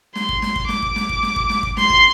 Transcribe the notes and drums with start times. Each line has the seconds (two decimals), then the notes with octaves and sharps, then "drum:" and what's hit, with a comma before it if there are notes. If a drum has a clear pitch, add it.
0.15 C6, drum: snare
0.29 drum: kick
0.42 drum: snare
0.56 drum: kick
0.69 D6, drum: snare
0.82 drum: kick
0.96 drum: snare
1.09 drum: kick
1.23 drum: snare
1.36 drum: kick
1.50 drum: snare
1.63 drum: kick
1.77 C6, drum: snare
1.90 drum: kick